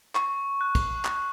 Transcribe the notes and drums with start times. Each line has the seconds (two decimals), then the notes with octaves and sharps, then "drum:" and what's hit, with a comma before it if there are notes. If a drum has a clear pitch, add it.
0.15 C#6, drum: clap
0.61 F#6
0.75 drum: kick, cymbal
1.05 drum: clap